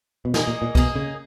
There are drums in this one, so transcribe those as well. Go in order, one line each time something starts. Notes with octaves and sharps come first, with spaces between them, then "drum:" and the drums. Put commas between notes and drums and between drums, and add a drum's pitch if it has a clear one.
B2
A#2 A#3 D#4 G#4, drum: snare
A#2
A#2
B2 A#3 D#4 G#4, drum: kick
C#3